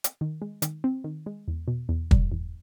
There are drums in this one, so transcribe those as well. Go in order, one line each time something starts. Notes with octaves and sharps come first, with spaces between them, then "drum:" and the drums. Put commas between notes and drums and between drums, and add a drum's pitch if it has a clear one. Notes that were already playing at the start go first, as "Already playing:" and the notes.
drum: hi-hat
D#3
G#3
D#3, drum: hi-hat
C4
D#3
G#3
E2
B2
E2
G3, drum: kick
E2